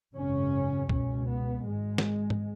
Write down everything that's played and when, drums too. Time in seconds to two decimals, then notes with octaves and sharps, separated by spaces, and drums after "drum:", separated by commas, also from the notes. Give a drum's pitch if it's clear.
0.14 G#1 F#2 C#3 C#4
0.89 C#2 B2 C#4, drum: kick
1.27 B3
1.65 G#1 G#2 G#3
1.98 drum: snare
2.30 drum: tom